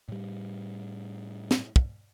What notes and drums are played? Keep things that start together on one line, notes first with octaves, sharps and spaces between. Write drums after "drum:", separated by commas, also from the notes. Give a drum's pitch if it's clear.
A2 G3
drum: snare
drum: kick